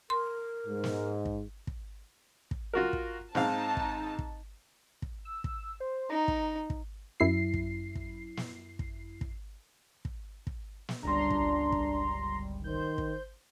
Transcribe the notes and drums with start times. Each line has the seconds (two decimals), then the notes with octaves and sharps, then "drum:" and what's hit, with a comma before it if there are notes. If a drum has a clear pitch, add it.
0.10 A#4 C6
0.67 G#2
0.84 drum: snare
1.25 drum: kick
1.67 drum: kick
2.51 drum: kick
2.74 F4 F#4 A#4
2.93 drum: kick
3.35 G#2 C4 D#4 F5 A5, drum: snare
3.77 drum: kick
4.19 drum: kick
5.02 drum: kick
5.25 E6
5.44 drum: kick
5.80 C5
6.10 D#4 A#5
6.28 drum: kick
6.70 drum: kick
7.20 F#2 E4 C7
7.54 drum: kick
7.95 drum: kick
8.37 drum: snare
8.79 drum: kick
9.21 drum: kick
10.05 drum: kick
10.47 drum: kick
10.89 drum: snare
11.03 G1 C#2 G3 D4 A#5 C6
11.30 drum: kick
11.72 drum: kick
12.64 D#3 C5 G6
12.98 drum: kick